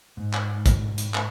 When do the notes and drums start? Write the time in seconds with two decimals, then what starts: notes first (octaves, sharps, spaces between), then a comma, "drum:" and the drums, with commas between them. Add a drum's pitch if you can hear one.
0.17 G#2
0.33 drum: clap
0.66 drum: kick, hi-hat
0.98 drum: hi-hat
1.14 drum: clap